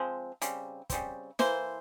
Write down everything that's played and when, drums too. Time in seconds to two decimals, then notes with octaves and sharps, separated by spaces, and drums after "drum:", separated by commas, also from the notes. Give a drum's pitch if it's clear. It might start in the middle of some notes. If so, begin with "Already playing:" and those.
Already playing: F3 G#3 C4
0.42 C#3 G3 C4, drum: hi-hat
0.90 C#3 G3 C4, drum: kick, hi-hat
1.39 E3 A#3 C5, drum: snare